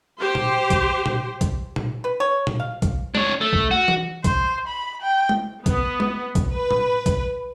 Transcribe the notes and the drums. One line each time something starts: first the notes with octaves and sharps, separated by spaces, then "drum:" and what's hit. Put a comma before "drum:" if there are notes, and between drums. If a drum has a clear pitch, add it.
G4 C5
drum: tom A#2
drum: kick B1, hi-hat
drum: tom A#2
drum: kick B1, hi-hat
drum: tom A#2
B4
C#5
drum: tom A#2
F5
drum: kick B1, hi-hat
D4 C#5, drum: tom G#3
A3
drum: kick B1
F#4
drum: tom E3
C5, drum: kick B1, hi-hat
B5
G5
drum: tom G#3
B3, drum: kick B1, hi-hat
drum: tom G#3
drum: kick B1, hi-hat
B4
drum: tom A2
drum: kick B1, hi-hat